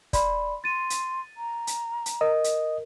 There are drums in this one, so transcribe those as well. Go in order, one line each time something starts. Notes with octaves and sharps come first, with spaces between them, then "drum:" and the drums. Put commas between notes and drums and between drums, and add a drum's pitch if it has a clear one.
D5 B5 C6, drum: kick, hi-hat
C6 A6 D#7
drum: hi-hat
A#5
drum: hi-hat
drum: hi-hat
A#4 D#5
drum: hi-hat